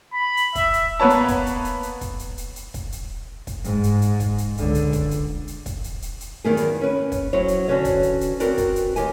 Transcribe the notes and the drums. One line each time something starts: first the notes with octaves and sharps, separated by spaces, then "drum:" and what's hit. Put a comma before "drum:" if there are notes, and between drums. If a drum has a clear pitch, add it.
B5
drum: hi-hat
E5, drum: kick, hi-hat
drum: hi-hat
A#3 B3 B4 C#5 A5
drum: hi-hat
drum: kick, hi-hat
drum: hi-hat
drum: hi-hat
drum: hi-hat
drum: kick, hi-hat
drum: hi-hat
drum: hi-hat
drum: hi-hat
drum: kick, hi-hat
drum: hi-hat
drum: kick, hi-hat
G#2, drum: hi-hat
drum: hi-hat
drum: hi-hat
drum: kick, hi-hat
drum: hi-hat
C#2 D3, drum: hi-hat
drum: hi-hat
drum: kick, hi-hat
drum: hi-hat
drum: hi-hat
drum: kick, hi-hat
drum: hi-hat
drum: hi-hat
drum: hi-hat
E2 D#3 F#3 A#3 B3 G#4
drum: hi-hat
C#4 B4
drum: kick, hi-hat
F#3 C#4 E4 C5 C#5
drum: hi-hat
D3 C#4 F#4 B4 C#5
drum: kick, hi-hat
drum: hi-hat
drum: hi-hat
C4 F#4 A#4 B4 D5, drum: hi-hat
drum: kick, hi-hat
drum: hi-hat
D#2 G4 G#5, drum: hi-hat